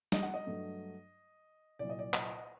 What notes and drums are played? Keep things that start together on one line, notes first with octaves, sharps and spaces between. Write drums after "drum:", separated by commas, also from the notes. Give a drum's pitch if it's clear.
D#5, drum: snare
F#5
D#5
G2 F#3 A3
C2 A#2 F#3 D5
D#5
D5
D#5, drum: clap